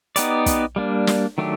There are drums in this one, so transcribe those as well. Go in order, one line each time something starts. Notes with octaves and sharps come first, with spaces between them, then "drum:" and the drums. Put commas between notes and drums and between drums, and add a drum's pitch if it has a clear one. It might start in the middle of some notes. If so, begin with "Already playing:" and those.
B3 D#4 G4 B4 D5, drum: hi-hat
drum: kick, hi-hat
G3 A#3 D4
drum: snare
D#3 F#3 A3 D4 G4